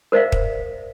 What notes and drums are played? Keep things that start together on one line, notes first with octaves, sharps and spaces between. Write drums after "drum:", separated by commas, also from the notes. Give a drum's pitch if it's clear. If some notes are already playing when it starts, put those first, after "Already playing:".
A#4 C5 D5 E5 F5
drum: kick